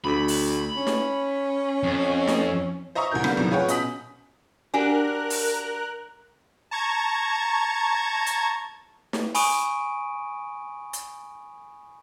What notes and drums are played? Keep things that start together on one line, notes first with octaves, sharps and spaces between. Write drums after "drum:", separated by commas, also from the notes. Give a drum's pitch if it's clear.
D2 B5
drum: open hi-hat
C#4
drum: snare
F2
drum: snare
C5 D#5 E5 A#5 C#6 D#6
C2 C3 E3 A#4 G6
D3 G3 A#3 B3 A#4, drum: rim click
B1 F#2 A2 C3 D#3
F4 G#4 B4 C#5 F#5 G5
B2 C#4 D#5 D#6 B6 F#7, drum: hi-hat
D4 F#4 G4 A#4 G#5 F#6
drum: open hi-hat
A5 A#5 C#6 G#6
drum: hi-hat
drum: snare
G#5 B5 C#6 D#6 D7 D#7, drum: open hi-hat
drum: hi-hat